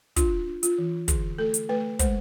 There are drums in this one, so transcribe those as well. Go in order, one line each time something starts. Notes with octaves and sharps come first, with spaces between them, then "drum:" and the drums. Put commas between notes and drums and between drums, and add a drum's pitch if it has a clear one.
D4 F4, drum: kick, hi-hat
D4
F4, drum: hi-hat
E3
D3 G#4, drum: kick, hi-hat
A3 A4
drum: hi-hat
A3 B4
G#3 C5, drum: kick, hi-hat